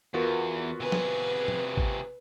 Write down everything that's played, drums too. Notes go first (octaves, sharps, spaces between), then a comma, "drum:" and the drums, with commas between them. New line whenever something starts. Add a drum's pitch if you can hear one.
E2 B3 F4 F#4 A#4
C3 G#4 B4
drum: snare
drum: tom
drum: kick G#1